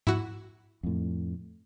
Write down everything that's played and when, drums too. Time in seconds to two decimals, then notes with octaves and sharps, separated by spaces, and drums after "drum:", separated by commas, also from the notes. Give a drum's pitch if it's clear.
0.07 E4 F#4, drum: tom G#2
0.83 F2 A2